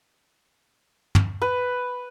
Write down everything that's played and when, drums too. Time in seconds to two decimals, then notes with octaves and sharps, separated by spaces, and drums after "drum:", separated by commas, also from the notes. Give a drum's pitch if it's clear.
1.15 drum: tom
1.42 B4